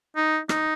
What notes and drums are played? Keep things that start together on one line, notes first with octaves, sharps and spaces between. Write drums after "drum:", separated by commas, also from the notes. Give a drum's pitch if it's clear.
D#4
D#4, drum: rim click